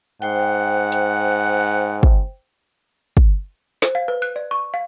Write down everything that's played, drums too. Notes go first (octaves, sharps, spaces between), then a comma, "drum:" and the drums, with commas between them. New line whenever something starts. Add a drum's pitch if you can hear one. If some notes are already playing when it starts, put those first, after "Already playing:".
G#2 C5 F#5 G5
drum: hi-hat
drum: kick
drum: kick
C5, drum: snare
F5
B4
F#6
D5
C#6
F5